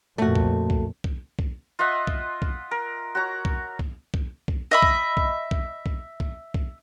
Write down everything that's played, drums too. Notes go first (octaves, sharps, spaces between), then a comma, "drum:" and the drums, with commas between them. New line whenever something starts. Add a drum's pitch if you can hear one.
F2 A#2 A3 F#4
drum: kick
drum: kick
drum: kick
drum: kick
F4 D#5 E5 F#5
drum: kick
drum: kick
A#4
F#4 C#5 A#5
drum: kick
drum: kick
drum: kick
drum: kick
D#5 E5 B5
drum: kick
drum: kick
drum: kick
drum: kick
drum: kick
drum: kick